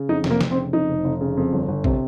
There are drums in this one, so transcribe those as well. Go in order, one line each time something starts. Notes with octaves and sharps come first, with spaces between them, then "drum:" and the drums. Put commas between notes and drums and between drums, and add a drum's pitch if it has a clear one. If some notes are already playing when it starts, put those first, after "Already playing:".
Already playing: C#3
F2 D#4
F1, drum: snare
A#3
F1, drum: snare
C4
C#3
F2 D#4
F1
F1
C#3
F2
G1
G1
C3, drum: kick A#1